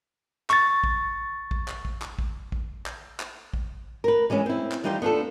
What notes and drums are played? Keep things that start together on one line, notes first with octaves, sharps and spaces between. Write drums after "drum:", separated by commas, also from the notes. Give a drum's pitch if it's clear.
C#6 A6, drum: clap
drum: kick
drum: kick
drum: clap
drum: kick
drum: clap
drum: kick
drum: kick
drum: clap
drum: clap
drum: kick
A#4 B4
E3 G#3 B3 C#4
C4 E4
drum: clap
E3 G3 D#4 F4 G4 C5
B3 D4 F4 A4